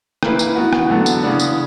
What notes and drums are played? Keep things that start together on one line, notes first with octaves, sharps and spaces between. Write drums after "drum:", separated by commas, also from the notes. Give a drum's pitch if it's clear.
A#3 E4 B4, drum: rim click
drum: tambourine
E3 B3 F#4
drum: rim click
D3 F#3 B3
drum: tambourine
C#3 E3 B3 D4
drum: tambourine